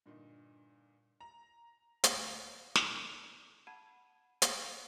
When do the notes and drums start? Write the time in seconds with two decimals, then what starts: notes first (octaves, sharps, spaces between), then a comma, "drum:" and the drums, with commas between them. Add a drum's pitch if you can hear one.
0.06 G2 A#2 D3 D#4
1.20 A#5
2.04 drum: hi-hat
2.13 D2
2.76 drum: snare
3.67 F#5 A5 B5 G#6 D#7 E7
4.42 drum: hi-hat